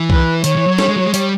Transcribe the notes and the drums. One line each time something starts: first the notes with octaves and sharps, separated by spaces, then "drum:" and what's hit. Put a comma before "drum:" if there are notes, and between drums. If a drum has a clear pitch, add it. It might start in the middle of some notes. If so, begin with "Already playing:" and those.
Already playing: E3
B4, drum: kick C2
D#3 C#5, drum: hi-hat
E3
F#3
G3, drum: snare
G#3
F#3
G#3
G3, drum: hi-hat